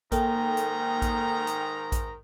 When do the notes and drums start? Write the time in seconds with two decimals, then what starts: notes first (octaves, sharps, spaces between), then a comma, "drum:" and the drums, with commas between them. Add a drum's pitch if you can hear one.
0.12 G#2 D#3 A#3 A4 G5 A#5, drum: kick A1, hi-hat
0.57 drum: hi-hat
1.02 drum: kick A1, hi-hat
1.47 drum: hi-hat
1.92 drum: kick A1, hi-hat